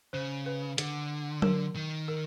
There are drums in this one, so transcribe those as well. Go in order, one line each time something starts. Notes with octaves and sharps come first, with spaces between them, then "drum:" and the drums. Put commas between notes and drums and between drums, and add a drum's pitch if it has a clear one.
C#3 C5
B4
D3, drum: hi-hat
A#4, drum: tom F#3
D#3
A#4